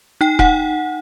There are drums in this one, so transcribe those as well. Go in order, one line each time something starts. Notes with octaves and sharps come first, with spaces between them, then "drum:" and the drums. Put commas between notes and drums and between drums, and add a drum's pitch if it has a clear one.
D#4 G5
D#4 F#5, drum: kick E1